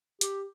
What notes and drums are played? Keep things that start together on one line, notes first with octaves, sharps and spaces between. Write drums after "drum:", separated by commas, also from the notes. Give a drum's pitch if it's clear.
G4, drum: hi-hat